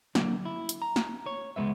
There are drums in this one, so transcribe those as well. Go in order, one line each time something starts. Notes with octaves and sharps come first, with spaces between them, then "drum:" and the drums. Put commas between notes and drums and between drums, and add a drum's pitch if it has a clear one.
D3 F#3 A#3, drum: snare
E4
drum: hi-hat
A#5
drum: snare
C#5
C#2 G#2 G#3 B3 E5